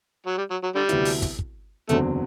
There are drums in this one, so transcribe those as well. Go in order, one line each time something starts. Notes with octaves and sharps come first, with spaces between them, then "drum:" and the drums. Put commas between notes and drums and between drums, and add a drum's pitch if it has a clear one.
F#3
G3
F#3
F#3
D3 G3
D2 C3 F#3 B3 E4, drum: hi-hat
drum: open hi-hat
drum: kick, hi-hat
drum: kick
F#1 E2 D3 F#3 A3 C4, drum: hi-hat